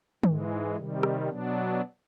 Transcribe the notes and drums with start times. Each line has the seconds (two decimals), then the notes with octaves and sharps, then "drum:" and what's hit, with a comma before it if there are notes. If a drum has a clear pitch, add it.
0.23 G#2 E3 G#3, drum: tom
0.76 C3 D#3 G3
1.03 drum: rim click
1.29 B2 F#3 B3 D4